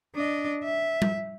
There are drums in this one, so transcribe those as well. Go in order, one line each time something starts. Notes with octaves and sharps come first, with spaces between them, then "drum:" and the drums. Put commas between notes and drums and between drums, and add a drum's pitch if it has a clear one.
D4 D#5
E5
drum: tom G3